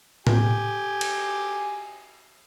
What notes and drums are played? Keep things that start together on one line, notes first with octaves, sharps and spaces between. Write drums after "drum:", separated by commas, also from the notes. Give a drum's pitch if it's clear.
G4 G#5, drum: tom A2
drum: cymbal